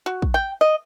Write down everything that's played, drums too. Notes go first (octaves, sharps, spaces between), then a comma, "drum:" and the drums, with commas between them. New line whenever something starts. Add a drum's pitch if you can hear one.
F#4
drum: kick
G5
D#5